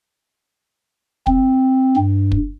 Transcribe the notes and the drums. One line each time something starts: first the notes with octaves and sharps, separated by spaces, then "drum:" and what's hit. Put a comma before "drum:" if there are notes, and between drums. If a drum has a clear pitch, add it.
C4, drum: kick
G2
drum: kick